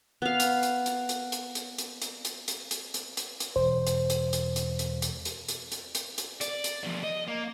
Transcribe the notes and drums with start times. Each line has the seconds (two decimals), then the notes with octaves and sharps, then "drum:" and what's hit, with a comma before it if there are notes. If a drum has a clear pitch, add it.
0.22 B3 F5
0.40 drum: hi-hat
0.63 drum: hi-hat
0.86 drum: hi-hat
1.09 drum: hi-hat
1.32 drum: hi-hat
1.55 drum: hi-hat
1.78 drum: hi-hat
2.02 drum: hi-hat
2.25 drum: hi-hat
2.48 drum: hi-hat
2.71 drum: hi-hat
2.94 drum: hi-hat
3.17 drum: hi-hat
3.40 drum: hi-hat
3.56 E1 C5
3.87 drum: hi-hat
4.10 drum: hi-hat
4.33 drum: hi-hat
4.56 drum: hi-hat
4.79 drum: hi-hat
5.02 drum: hi-hat
5.25 drum: hi-hat
5.48 drum: hi-hat
5.72 drum: hi-hat
5.95 drum: hi-hat
6.18 drum: hi-hat
6.41 D5, drum: hi-hat
6.64 drum: hi-hat
6.83 B2 F3
7.04 D#5
7.28 A#3